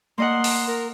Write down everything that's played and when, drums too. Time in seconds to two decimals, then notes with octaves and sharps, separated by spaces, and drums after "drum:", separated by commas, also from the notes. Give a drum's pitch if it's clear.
0.18 A#3 D#5 F#5 C6
0.44 drum: open hi-hat
0.67 A#4